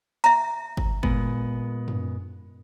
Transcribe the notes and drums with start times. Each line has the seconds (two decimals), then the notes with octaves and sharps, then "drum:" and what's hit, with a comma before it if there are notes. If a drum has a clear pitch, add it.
0.24 E5 A#5, drum: hi-hat
0.77 drum: kick G1
1.03 A#2 G#3 B3, drum: kick G1
1.88 drum: tom F#2